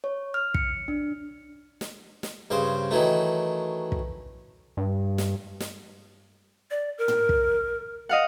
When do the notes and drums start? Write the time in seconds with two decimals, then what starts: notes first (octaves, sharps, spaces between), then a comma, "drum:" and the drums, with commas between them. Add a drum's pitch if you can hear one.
0.04 C#5
0.34 F6
0.54 C#7, drum: kick
0.88 D4
1.81 drum: snare
2.23 drum: snare
2.50 G2 C#3 C5
2.91 D#3 E3 F#3 A3
3.92 drum: kick
4.77 G2
5.18 drum: snare
5.60 drum: snare
6.71 D5
6.98 A#4
7.08 drum: tom
7.29 drum: kick
8.09 D#5 F5 F#5